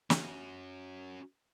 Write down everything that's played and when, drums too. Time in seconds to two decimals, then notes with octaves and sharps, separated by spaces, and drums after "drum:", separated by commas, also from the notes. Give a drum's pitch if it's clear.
0.10 C#4 F#4, drum: snare